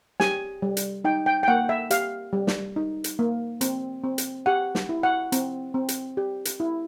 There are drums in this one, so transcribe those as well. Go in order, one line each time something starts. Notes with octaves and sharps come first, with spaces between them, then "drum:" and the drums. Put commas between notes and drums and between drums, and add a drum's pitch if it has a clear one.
G4 G#5, drum: snare
G3
drum: hi-hat
D#4 G5
G5
G5
A#3 F#5
E5
G4 F5, drum: hi-hat
G3
drum: snare
D#4
drum: hi-hat
A#3
C4, drum: hi-hat
C4
drum: hi-hat
G4 F#5
drum: snare
E4
F#5
C4, drum: hi-hat
C4
drum: hi-hat
G4
drum: hi-hat
E4